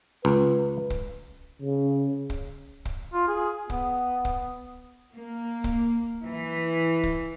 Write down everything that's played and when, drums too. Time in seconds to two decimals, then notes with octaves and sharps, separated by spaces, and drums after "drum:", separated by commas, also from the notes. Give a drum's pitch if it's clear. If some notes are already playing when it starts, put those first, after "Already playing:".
0.25 C#2 B4
0.90 drum: kick
1.62 C#3
2.30 drum: kick
2.85 drum: kick
3.13 F4
3.28 G#4
3.70 B3, drum: kick
4.25 drum: kick
5.14 A#3
5.64 drum: kick
6.24 E3
7.03 drum: kick